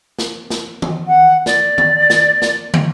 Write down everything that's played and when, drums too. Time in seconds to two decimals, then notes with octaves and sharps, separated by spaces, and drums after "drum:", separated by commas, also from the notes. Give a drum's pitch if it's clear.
0.19 drum: snare
0.50 drum: snare
0.82 drum: tom D#3
1.07 F#5
1.46 D5, drum: snare
1.78 drum: tom D#3
2.10 drum: snare
2.42 drum: snare
2.74 drum: tom